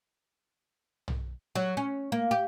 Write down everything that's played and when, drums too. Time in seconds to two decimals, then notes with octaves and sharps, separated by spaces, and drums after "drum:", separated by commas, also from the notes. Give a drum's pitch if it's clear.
1.08 drum: tom
1.55 F#3
1.77 C#4
2.12 A#3
2.31 G4